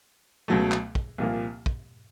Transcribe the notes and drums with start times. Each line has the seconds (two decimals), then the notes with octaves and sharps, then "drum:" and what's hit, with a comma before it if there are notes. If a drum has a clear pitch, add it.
0.48 C#2 B2 F#3 A3
0.72 drum: clap
0.95 drum: kick
1.18 C2 A#2 F3 A#3
1.66 drum: kick